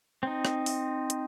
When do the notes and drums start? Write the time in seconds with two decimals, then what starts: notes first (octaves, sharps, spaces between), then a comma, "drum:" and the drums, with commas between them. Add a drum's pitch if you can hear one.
0.23 C4 D#4
0.45 drum: rim click
0.66 drum: open hi-hat
1.10 drum: hi-hat